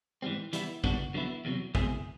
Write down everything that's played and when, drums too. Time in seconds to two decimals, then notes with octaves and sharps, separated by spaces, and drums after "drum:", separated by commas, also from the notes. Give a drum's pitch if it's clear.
0.22 G#2 E3 G3 C4
0.53 E3 G3 B3 E4, drum: hi-hat
0.84 D3 G3 B3 D4 F#4, drum: kick
1.14 D3 F#3 B3 E4
1.45 E2 C3 D#3 F#3
1.75 B2 G#3 C4 E4 G#4, drum: kick